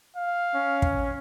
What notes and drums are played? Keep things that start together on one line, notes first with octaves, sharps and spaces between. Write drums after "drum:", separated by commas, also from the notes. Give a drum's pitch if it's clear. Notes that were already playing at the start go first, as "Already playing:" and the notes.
F5
C#4
drum: kick